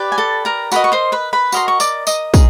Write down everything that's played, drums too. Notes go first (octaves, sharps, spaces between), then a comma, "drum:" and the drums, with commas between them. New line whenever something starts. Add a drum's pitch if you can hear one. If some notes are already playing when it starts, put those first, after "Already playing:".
Already playing: G4 B4 D5
G#5
A4 A5
A#4 A#5
F#4 A#4 B4 D#5 B5, drum: tambourine
C#6
C5 C6
B4 B5
B4 B5
F#4 A#4 D#5 C6, drum: tambourine
C#6
D5 D6, drum: tambourine
D#5 D#6, drum: tambourine
D#4 G#4, drum: kick, tambourine